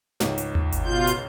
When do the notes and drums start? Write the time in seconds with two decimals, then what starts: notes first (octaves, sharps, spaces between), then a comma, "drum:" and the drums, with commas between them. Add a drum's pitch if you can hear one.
0.20 C#2 G#2, drum: snare
0.38 drum: hi-hat
0.55 drum: tom D#2
0.72 drum: kick G1, hi-hat
0.85 B2 F4 G6
1.07 drum: hi-hat